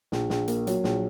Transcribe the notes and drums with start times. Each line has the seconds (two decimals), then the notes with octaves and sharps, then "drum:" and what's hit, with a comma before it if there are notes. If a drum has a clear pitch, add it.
0.12 A#1, drum: snare
0.30 A#1, drum: snare
0.48 A#3, drum: hi-hat
0.67 F#3, drum: hi-hat
0.84 A#1, drum: snare